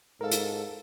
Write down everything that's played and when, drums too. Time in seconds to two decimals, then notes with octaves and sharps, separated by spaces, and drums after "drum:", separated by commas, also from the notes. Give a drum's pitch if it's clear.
0.21 G#2 A4 A#4 F5
0.31 drum: hi-hat